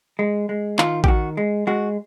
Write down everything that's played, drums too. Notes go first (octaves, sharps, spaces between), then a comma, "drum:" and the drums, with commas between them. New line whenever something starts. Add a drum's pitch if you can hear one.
G#3
G#3
D#3 F4, drum: clap
G4, drum: kick A1
D#3 F#4
G#3
G#3 F#4